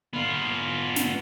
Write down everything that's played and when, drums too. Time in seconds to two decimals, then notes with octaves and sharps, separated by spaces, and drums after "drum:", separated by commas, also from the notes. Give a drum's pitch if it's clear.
0.14 B3 F4
0.96 drum: snare